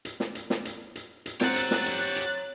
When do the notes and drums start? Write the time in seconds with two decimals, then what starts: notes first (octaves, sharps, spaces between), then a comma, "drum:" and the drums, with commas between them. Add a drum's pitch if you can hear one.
0.05 drum: hi-hat
0.20 drum: snare
0.35 drum: hi-hat
0.50 drum: snare
0.65 drum: hi-hat
0.95 drum: hi-hat
1.26 drum: hi-hat
1.41 C4 G4 C#5 F#5 A#5 F#6 A6, drum: snare
1.56 drum: hi-hat
1.71 drum: snare
1.86 drum: hi-hat
2.16 drum: hi-hat